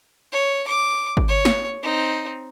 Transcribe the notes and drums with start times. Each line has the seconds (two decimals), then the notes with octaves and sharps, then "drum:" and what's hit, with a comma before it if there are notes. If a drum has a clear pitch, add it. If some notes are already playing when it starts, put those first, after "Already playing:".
0.32 C#5
0.67 D6
1.17 drum: kick G#1
1.28 C#5
1.45 drum: snare
1.83 C4 D#4